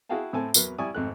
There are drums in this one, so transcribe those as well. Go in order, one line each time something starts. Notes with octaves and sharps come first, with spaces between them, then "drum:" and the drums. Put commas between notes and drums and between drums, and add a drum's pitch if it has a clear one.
E4 F#4 G#4 F5 G5 A5
A2 C4 A4 G#5 A5
E2 F#3 A#4 B4, drum: tambourine
G3 E4 D5 G#5 C#6 D#6
G#1 F2 A3 F#6